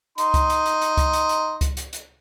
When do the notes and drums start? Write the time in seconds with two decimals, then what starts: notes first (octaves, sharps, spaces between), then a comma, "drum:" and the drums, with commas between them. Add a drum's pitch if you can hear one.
0.18 D#4 C6, drum: hi-hat
0.34 drum: kick C#2, hi-hat
0.50 drum: hi-hat
0.66 drum: hi-hat
0.82 drum: hi-hat
0.97 drum: kick C#2, hi-hat
1.13 drum: hi-hat
1.29 drum: hi-hat
1.61 drum: kick C#2, hi-hat
1.77 drum: hi-hat
1.93 drum: hi-hat